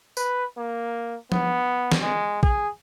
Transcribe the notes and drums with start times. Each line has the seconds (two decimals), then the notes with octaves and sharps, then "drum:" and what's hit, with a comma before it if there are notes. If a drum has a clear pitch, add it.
0.17 B4, drum: tambourine
0.57 A#3
1.32 B3, drum: tom F3
1.92 drum: snare
2.02 G#3
2.43 G#4, drum: kick A#1